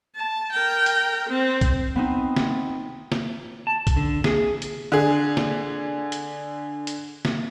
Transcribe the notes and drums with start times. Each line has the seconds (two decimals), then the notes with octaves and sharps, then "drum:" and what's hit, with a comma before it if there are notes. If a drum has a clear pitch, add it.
0.16 A5
0.52 A#4 G5
0.86 drum: hi-hat
1.29 C4
1.61 drum: kick A#1, hi-hat
1.96 B3 C4 D#4
2.37 drum: snare
3.12 drum: snare
3.67 A5
3.87 drum: kick A#1, hi-hat
3.96 D3
4.24 G#4, drum: snare
4.62 drum: hi-hat
4.92 D3 G#4
5.37 drum: snare
6.12 drum: hi-hat
6.87 drum: hi-hat
7.25 drum: snare